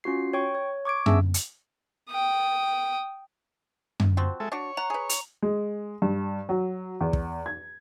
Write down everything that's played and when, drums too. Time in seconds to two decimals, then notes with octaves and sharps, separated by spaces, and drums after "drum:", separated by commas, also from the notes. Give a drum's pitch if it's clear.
0.04 C#4 F4 F#4 C7
0.33 C#5 G5 C#6
0.55 C#5
0.85 C#6 D6 G#6 D7
1.06 B3 C#4 D4 G#4 E5 E6, drum: tom F#2
1.34 drum: hi-hat
2.10 G5 D#6
4.00 drum: tom F#2
4.17 F3 C4 F#4
4.40 G#3 A4 E5
4.52 D4 F#4 C#5
4.77 F#5 A#5
4.90 G#4 B4
5.09 F7, drum: hi-hat
5.42 G#3
6.02 G2
6.49 F#3
7.01 E2
7.13 drum: kick
7.46 G#6